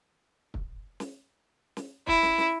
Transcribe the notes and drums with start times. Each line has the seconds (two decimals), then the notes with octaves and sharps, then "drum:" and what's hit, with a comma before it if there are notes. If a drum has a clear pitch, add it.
0.54 drum: kick
1.00 drum: snare
1.77 drum: snare
2.07 E4, drum: kick
2.23 drum: snare
2.38 drum: snare